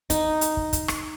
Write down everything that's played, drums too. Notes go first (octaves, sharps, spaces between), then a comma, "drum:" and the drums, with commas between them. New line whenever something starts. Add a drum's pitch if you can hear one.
D#4, drum: kick, hi-hat
drum: hi-hat
drum: kick
drum: kick, hi-hat
drum: rim click